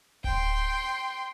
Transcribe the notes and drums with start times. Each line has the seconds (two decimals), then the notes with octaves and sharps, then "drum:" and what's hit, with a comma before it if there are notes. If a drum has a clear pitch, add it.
0.24 G5 C6, drum: kick D1